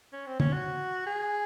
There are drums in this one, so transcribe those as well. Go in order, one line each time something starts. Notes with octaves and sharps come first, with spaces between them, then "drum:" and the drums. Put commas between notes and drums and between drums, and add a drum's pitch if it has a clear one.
C#4
C4
C#4, drum: tom
F#4
G#4